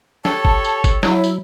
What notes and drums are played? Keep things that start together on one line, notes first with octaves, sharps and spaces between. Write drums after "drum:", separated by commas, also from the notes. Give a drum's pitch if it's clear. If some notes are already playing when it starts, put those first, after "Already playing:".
G4 A4 C#5 A5, drum: snare
drum: kick G1
drum: tambourine
drum: kick G1, tambourine
F#3 E4, drum: snare
drum: tambourine